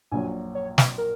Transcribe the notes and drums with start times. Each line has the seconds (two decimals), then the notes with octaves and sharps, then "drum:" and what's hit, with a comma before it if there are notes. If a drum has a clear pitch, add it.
0.11 A#1 A#2 F#3 G#5
0.55 C#5
0.78 drum: snare
0.98 A#4